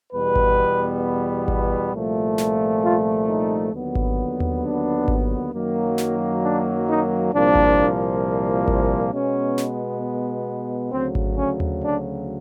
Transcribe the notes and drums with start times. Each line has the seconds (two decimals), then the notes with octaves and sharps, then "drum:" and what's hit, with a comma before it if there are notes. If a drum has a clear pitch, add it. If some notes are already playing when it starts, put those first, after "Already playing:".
0.13 E2 B2 G3 B3 B4
0.36 drum: kick G#1
1.48 drum: kick G#1
1.93 C2 A#2 F3 A3
2.38 drum: snare
2.83 F4
3.28 D#4
3.73 D#2 D3 F#3 B3
3.95 drum: kick G#1
4.40 drum: tom D#2
4.63 D4
5.08 drum: kick G#1
5.53 F#2 D#3 F#3 A#3
5.98 drum: snare
6.43 D4
6.88 D#4
7.33 C2 A#2 F3 A#3 D4
7.55 drum: kick G#1
8.68 drum: kick G#1
9.12 B2 G#3 B3 C#4
9.58 drum: snare
10.92 D2 C#3 F#3 C4
11.15 drum: kick G#1
11.37 C#4
11.60 drum: tom D#2
11.83 D4